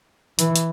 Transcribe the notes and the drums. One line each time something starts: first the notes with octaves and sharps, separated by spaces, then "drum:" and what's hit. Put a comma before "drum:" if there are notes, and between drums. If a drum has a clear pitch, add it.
E3, drum: hi-hat
drum: hi-hat